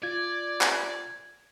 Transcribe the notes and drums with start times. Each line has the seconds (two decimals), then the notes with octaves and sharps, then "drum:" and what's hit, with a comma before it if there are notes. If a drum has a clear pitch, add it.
0.03 F4 D5 G#6
0.61 drum: clap